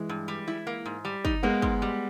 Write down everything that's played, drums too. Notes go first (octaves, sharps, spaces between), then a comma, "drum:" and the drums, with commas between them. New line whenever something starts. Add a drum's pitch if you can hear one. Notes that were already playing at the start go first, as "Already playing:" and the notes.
Already playing: E3 G#3
G2
G3
E4
A#3
G#2
G3
D#4, drum: kick
G#3 A#3 B3
G#2, drum: kick
G3